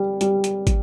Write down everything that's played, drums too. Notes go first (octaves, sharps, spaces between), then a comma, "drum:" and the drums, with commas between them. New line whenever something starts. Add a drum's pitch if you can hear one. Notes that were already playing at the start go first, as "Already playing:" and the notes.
Already playing: G3
G3, drum: hi-hat
drum: hi-hat
drum: kick, hi-hat